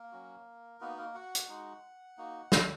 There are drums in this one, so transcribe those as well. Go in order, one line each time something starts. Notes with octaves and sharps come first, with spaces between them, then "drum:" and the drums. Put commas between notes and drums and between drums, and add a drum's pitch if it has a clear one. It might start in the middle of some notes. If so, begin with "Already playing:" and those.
Already playing: A#3 A#4
F#3 C#4 F#4
A#3 B3 D#4 F#4 B4
A#3 A#4
F#4 F#5
drum: hi-hat
G#3 D#4 F#4
A#3 D#4 F#4
E4 E5, drum: snare